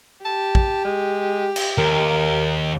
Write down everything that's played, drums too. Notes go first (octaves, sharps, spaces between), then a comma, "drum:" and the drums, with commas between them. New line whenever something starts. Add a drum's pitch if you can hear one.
G4 A5
drum: kick
G#3
drum: cymbal
D#2 A#4